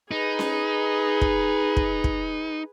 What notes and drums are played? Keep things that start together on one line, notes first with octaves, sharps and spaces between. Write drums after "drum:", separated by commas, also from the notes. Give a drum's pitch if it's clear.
D#4 G#4 B4
drum: snare C#4
drum: kick
drum: kick
drum: kick